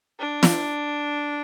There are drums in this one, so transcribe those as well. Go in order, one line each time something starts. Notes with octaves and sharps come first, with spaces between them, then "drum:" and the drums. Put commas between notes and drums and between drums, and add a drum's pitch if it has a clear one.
D4
drum: snare